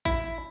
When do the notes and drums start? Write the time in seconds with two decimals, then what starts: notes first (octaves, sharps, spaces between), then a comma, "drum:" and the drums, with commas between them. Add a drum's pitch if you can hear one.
0.05 E4, drum: kick A1